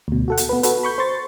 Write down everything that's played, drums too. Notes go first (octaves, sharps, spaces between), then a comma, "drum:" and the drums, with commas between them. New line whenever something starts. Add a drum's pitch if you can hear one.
D2 B2
F#4 A4 F#5
drum: hi-hat
B3 B4
F#4 A4 B4, drum: hi-hat
B5 C#6 G6
C5 C6 C#6 A6